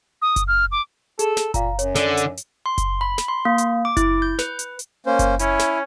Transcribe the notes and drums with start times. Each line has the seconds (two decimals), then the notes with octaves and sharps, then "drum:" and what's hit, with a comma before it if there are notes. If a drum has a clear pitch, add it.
0.22 D#6
0.36 drum: kick F#1, hi-hat
0.48 F6
0.72 D6
1.19 G#4 A4, drum: hi-hat
1.37 drum: snare
1.54 A#2 F5 A#5, drum: kick F#1, hi-hat
1.79 F#2 C#5, drum: hi-hat
1.95 D3, drum: snare
2.17 drum: hi-hat
2.37 drum: hi-hat
2.66 C6
2.78 drum: kick F#1, hi-hat
3.01 B5
3.18 drum: snare
3.28 C6
3.45 A#3
3.58 drum: hi-hat
3.85 D6
3.97 E4, drum: kick F#1, hi-hat
4.22 G6
4.39 B4, drum: snare
4.59 drum: hi-hat
4.79 drum: hi-hat
5.06 A#3 C#4 C5
5.19 drum: kick F#1, hi-hat
5.39 C#4 E4, drum: hi-hat
5.59 drum: snare